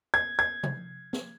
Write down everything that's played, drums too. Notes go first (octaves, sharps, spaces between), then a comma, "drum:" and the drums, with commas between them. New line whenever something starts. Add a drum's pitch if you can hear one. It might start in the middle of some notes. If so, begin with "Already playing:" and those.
G#6
G#6
drum: tom C3
drum: snare